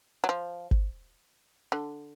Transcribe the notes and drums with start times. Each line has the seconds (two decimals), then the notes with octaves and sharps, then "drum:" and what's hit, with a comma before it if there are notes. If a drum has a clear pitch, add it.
0.24 F#3
0.29 F3
0.71 drum: kick G#1
1.72 D3